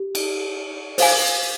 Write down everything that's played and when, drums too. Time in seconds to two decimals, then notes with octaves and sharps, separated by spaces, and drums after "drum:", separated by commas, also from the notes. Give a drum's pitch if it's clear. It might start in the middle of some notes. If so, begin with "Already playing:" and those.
Already playing: G4
0.15 drum: cymbal
0.98 C5 F5 G#5, drum: open hi-hat